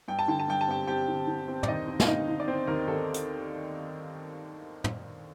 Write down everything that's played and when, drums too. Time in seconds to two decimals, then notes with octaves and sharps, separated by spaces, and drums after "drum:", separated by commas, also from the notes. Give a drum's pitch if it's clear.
0.08 G2 G5
0.19 A5
0.28 D3 G5
0.39 A5
0.48 G2 G5
0.61 A5
0.68 C4 G4 G5
0.87 C4 G4 G5
1.08 D3
1.28 D3
1.48 C4
1.63 D5, drum: tom
1.68 D#2 D#4 D#5
1.88 C4
2.00 F5, drum: snare
2.08 D3 D#4 D#5
2.28 D3
2.40 D5
2.48 C4 C5
2.67 D#2 A#4
2.88 D#2 A4
3.14 drum: hi-hat
4.84 drum: tom